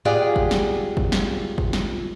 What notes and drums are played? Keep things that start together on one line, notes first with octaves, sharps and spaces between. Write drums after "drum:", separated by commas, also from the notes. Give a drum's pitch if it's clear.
F4 G4 G#4 D5 F#5
drum: kick G1
drum: snare
drum: kick G1
drum: snare
drum: kick G1
drum: snare